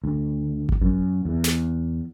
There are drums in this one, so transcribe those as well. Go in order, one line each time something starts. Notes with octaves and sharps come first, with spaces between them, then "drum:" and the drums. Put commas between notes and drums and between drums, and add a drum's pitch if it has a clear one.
D2
drum: kick G#1
F#2
E2
drum: snare